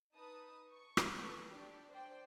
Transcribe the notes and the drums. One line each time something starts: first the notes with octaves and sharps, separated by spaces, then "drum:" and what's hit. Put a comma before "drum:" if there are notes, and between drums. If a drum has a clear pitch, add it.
D#4 B4 A5 D#6
C#6
drum: rim click
A4 B4 C#6
D4 G4 D5
C5 D5 G5